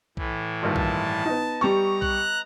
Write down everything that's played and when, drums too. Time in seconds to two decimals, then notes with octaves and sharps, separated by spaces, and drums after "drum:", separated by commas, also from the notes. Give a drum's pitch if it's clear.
0.17 A2 E3, drum: kick B1
0.62 A#1 G2 D#3 A5
0.76 drum: kick B1
1.25 B3 D#4
1.61 G3 G4 A#5 C#6
2.02 F#6, drum: kick B1